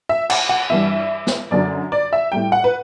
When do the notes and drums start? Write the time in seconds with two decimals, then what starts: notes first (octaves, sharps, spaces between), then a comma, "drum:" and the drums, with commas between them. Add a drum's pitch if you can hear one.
0.09 E5
0.30 F#5, drum: cymbal
0.49 F#5
0.70 G2 E3 G3 E5
1.27 drum: snare
1.51 F#2 D3 F#3 D5
1.92 D5
2.13 E5
2.32 A2 G3 G5
2.52 F#5
2.64 B4